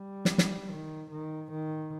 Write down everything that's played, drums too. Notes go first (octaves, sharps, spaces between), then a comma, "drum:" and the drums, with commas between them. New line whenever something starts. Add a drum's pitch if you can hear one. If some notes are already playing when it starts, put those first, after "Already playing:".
Already playing: G3
drum: snare
drum: snare
D#3
D#3
D#3